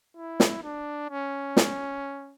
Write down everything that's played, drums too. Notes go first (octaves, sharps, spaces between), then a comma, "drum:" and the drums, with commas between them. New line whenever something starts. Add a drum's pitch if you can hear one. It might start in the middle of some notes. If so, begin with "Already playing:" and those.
E4
drum: snare
D4
C#4
drum: snare